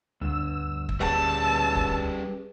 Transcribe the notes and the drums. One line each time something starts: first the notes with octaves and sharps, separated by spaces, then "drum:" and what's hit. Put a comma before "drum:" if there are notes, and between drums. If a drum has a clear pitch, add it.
D2 G2 D3 E6
drum: kick
G3 C#4 G#4 B4 A5
drum: kick